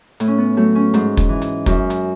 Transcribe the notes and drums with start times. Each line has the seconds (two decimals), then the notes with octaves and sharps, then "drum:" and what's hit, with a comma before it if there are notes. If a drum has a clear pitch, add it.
0.20 A2, drum: hi-hat
0.27 C#4
0.38 B3
0.57 F#3 A3
0.75 C#4
0.94 G#2, drum: hi-hat
1.17 drum: kick, hi-hat
1.29 E3
1.42 drum: hi-hat
1.66 F#2, drum: kick, hi-hat
1.90 drum: hi-hat